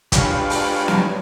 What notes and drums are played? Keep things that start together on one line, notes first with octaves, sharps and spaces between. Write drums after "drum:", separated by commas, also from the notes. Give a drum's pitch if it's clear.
G#3 D4 F4 G4 B4 C#5, drum: kick, hi-hat
drum: open hi-hat
drum: snare